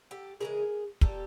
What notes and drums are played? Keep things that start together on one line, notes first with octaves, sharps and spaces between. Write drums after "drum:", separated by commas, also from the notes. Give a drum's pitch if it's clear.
G4 A4
C#3 E3 G#3 G#4 A#4
A#2 G3 G4 A4, drum: kick